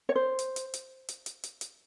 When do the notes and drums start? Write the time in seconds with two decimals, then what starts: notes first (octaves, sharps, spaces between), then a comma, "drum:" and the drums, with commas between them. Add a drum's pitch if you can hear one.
0.09 C#5
0.15 C5
0.39 drum: hi-hat
0.56 drum: hi-hat
0.74 drum: hi-hat
1.09 drum: hi-hat
1.26 drum: hi-hat
1.43 drum: hi-hat
1.61 drum: hi-hat